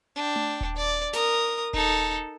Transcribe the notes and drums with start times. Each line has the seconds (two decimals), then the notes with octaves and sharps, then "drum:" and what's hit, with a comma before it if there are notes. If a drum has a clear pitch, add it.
0.16 D4 G5
0.36 drum: tom A3
0.61 drum: kick D#1
0.76 D5
1.13 A#4 D#6, drum: snare
1.73 D#4 A4, drum: kick D#1